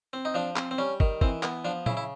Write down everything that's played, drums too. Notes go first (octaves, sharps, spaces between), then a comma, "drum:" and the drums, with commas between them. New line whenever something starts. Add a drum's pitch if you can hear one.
C4
D#4
F3 D4
C4, drum: clap
C4
G3 C#4
D#3, drum: kick
E3 C4, drum: kick
B3, drum: clap
F3 D4
C#3 E4, drum: tom A#2
E4